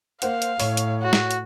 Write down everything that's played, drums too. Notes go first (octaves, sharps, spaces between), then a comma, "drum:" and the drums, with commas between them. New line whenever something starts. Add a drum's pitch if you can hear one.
A#3 C5 F5 F#5, drum: hi-hat
drum: hi-hat
A2 C#5, drum: open hi-hat
drum: hi-hat
F#4
drum: snare
drum: hi-hat